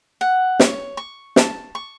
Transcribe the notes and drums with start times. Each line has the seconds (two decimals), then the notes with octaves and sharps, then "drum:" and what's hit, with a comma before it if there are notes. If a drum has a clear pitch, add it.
0.21 F#5
0.60 C#5, drum: snare
0.97 C#6
1.36 A5, drum: snare
1.75 C#6